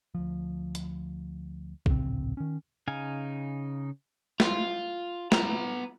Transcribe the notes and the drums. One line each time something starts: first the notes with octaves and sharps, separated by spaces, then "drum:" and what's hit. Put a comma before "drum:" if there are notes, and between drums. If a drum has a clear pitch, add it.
D2 F3
drum: hi-hat
D1 A#1 C#3 C4, drum: kick
D#3 C#4
C#3 D#4 F5 G#5
F4, drum: snare
B3 A#5, drum: snare